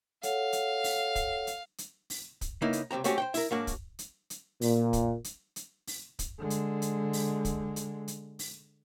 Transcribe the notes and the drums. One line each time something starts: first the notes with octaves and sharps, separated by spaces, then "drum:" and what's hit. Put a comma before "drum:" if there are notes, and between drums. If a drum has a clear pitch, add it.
A4 C#5 F5 F#5, drum: hi-hat
drum: hi-hat
drum: open hi-hat
drum: kick, hi-hat
drum: hi-hat
drum: hi-hat
drum: open hi-hat
drum: kick, hi-hat
C#3 A#3 B3 D#4 E4
drum: hi-hat
C#2 C3 E3 C4 A#5
F#3 A3 C4 C#4 F#4 G4, drum: hi-hat
C5 C#5 G5
E4 A#4, drum: open hi-hat
G#2 F#3 A#3 D4 F#4
drum: kick, hi-hat
drum: hi-hat
drum: hi-hat
A#2, drum: open hi-hat
drum: kick, hi-hat
drum: hi-hat
drum: hi-hat
drum: open hi-hat
drum: kick, hi-hat
D3 G#3
drum: hi-hat
drum: hi-hat
drum: open hi-hat
drum: kick, hi-hat
drum: hi-hat
drum: hi-hat
drum: open hi-hat